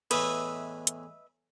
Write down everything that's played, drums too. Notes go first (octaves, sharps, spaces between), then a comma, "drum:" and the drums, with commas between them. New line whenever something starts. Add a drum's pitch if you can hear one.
E2 A2 B4 D#5 E5, drum: cymbal
drum: hi-hat